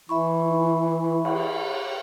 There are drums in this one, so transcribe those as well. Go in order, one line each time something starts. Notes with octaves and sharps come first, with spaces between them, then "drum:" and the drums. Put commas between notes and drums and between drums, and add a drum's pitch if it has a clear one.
E3 E4 E5 B5 C#6
drum: cymbal